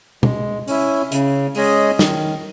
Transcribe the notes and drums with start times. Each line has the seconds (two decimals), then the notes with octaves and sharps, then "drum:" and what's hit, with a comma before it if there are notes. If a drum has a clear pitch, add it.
0.23 G#3, drum: tom
0.68 C#4 E4, drum: open hi-hat
1.12 C#3, drum: hi-hat
1.55 G#3 C#4 G#4 D#5, drum: open hi-hat
1.99 D#3, drum: snare